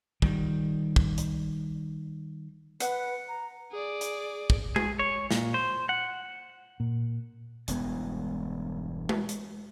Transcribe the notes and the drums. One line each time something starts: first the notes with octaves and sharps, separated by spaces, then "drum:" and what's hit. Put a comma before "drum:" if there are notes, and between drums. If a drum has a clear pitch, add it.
D#3 G3, drum: kick
drum: kick
drum: hi-hat
B4 F#5, drum: hi-hat
A#5
G#4 D5
drum: hi-hat
drum: kick
G#4, drum: tom G#3
C#5
A#2, drum: snare
C5
F#5
A#2
E1 G2 G#3 B3, drum: hi-hat
drum: tom G#3
drum: hi-hat